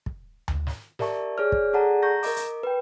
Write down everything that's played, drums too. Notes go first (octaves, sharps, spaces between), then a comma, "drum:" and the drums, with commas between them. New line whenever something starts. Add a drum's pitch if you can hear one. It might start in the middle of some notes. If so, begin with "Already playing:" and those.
drum: kick
drum: tom D2
drum: snare
G4 A#4 D5 E5 A5 C#6, drum: snare
G#4 C#5 D5 F6
drum: kick
G#4 A4 D5 F#5 A5 A#5
A#5 C#6 G6 A#6
A#4 D#5 D6, drum: open hi-hat
drum: hi-hat
B4 G5